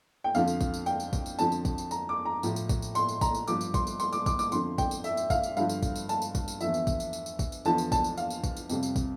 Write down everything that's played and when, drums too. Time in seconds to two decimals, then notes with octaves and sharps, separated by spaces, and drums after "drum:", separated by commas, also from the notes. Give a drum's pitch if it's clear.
0.24 G5
0.35 F2 D3 F3 F5, drum: tambourine
0.48 drum: tambourine
0.61 drum: kick, tambourine
0.74 drum: tambourine
0.86 G5, drum: tambourine
1.00 drum: tambourine
1.13 drum: kick, tambourine
1.26 drum: tambourine
1.39 F2 D3 F3 A5, drum: tambourine
1.52 drum: tambourine
1.65 drum: kick, tambourine
1.78 drum: tambourine
1.91 A#5, drum: tambourine
2.09 D6
2.25 A#5
2.43 A2 F3, drum: tambourine
2.56 drum: tambourine
2.69 drum: kick, tambourine
2.82 drum: tambourine
2.95 C6, drum: tambourine
3.08 drum: tambourine
3.21 A#5, drum: kick, tambourine
3.35 drum: tambourine
3.48 G2 F3 D6, drum: tambourine
3.61 drum: tambourine
3.74 C6, drum: kick, tambourine
3.87 drum: tambourine
4.00 C6, drum: tambourine
4.13 D6, drum: tambourine
4.26 D6, drum: kick, tambourine
4.39 D6, drum: tambourine
4.52 F2 D3 F3 C6, drum: tambourine
4.78 G5, drum: kick, tambourine
4.91 drum: tambourine
5.04 E5, drum: tambourine
5.17 drum: tambourine
5.30 F5, drum: kick, tambourine
5.43 drum: tambourine
5.57 G2 D3 F3 F5, drum: tambourine
5.69 drum: tambourine
5.83 drum: kick, tambourine
5.96 drum: tambourine
6.09 A5, drum: tambourine
6.22 drum: tambourine
6.35 drum: kick, tambourine
6.48 drum: tambourine
6.61 E2 D3 F3 E5, drum: tambourine
6.74 drum: tambourine
6.87 drum: kick, tambourine
7.00 drum: tambourine
7.13 drum: tambourine
7.26 drum: tambourine
7.39 drum: kick, tambourine
7.52 drum: tambourine
7.65 E2 D3 F3 A5, drum: tambourine
7.78 drum: tambourine
7.92 A5, drum: kick, tambourine
8.04 drum: tambourine
8.17 F5, drum: tambourine
8.30 drum: tambourine
8.44 drum: kick, tambourine
8.57 drum: tambourine
8.70 F2 C3 G3, drum: tambourine
8.83 drum: tambourine
8.96 drum: kick, tambourine